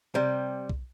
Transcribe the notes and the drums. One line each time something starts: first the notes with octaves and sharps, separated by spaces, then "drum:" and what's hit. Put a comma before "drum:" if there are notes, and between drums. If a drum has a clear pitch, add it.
C3 G3
drum: kick B1